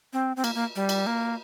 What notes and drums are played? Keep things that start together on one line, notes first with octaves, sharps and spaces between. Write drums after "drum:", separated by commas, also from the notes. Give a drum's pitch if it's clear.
C4
C4
A#3, drum: cymbal
A#3
G3
drum: cymbal
A#3